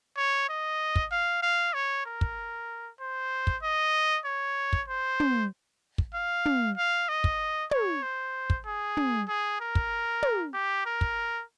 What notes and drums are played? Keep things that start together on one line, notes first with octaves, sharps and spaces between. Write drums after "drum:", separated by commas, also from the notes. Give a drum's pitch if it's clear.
C#5
D#5
drum: kick
F5
F5
C#5
A#4
drum: kick
C5
drum: kick
D#5
C#5
drum: kick
C5
drum: tom
drum: kick
F5
drum: tom
F5
D#5
drum: kick
C#5, drum: tom
C5
drum: kick
G#4
drum: tom
G#4
A#4
drum: kick
drum: tom
G4
A#4
drum: kick